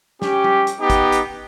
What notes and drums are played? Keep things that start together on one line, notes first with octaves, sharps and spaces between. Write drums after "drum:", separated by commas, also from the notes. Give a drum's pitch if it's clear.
C#4 G4, drum: snare
drum: tom G3
drum: hi-hat
B3 D#4 G4
drum: kick G#1, hi-hat
drum: hi-hat